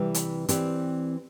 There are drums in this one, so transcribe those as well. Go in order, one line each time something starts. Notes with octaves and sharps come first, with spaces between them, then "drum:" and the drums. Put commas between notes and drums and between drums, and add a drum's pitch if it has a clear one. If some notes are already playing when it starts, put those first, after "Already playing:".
Already playing: C3 E3 G3
drum: hi-hat
E3 C4 G4 D5, drum: hi-hat